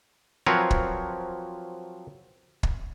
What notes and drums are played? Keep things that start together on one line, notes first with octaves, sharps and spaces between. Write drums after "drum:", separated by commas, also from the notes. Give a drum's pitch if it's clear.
F3 F#3 C4 A#4 B4 C#5
drum: kick
drum: kick